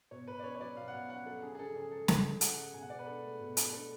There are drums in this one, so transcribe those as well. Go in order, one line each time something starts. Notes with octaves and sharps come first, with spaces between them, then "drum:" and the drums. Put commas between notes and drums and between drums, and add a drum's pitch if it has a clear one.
B2 C#5
B2 B4
D5
C#4 C#5
C#5
F#3 D5
B2 F5
F#5
B2
C#4 F#5
F#3 A4
C#3 G#4
G#4
C#3 A4
C#4 G#4
G#3 A4
C#3 A4, drum: snare
C#3
C#4 F#5, drum: hi-hat
G#3
B2 G#5
F#5
B2 D5
B4
D4 A4
A3
B2
B2, drum: hi-hat
D4 A4